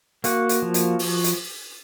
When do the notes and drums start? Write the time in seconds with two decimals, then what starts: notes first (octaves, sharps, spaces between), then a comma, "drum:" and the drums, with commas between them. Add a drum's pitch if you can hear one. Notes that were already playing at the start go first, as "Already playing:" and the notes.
0.24 A#3 F#4, drum: hi-hat
0.49 drum: hi-hat
0.62 F3
0.74 drum: hi-hat
0.99 drum: open hi-hat
1.24 drum: hi-hat